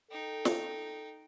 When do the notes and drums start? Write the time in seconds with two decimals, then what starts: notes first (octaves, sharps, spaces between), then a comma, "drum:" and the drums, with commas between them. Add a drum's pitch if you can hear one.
0.11 D#4 A4 G5
0.45 drum: snare